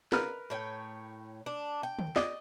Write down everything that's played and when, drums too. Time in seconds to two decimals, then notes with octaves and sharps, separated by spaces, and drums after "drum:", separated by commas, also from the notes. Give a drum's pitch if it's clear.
0.12 A#4 B4 F6, drum: snare
0.50 A2 C#5 G5
1.46 D4
1.83 G5
1.99 drum: tom
2.16 D5 D#5, drum: snare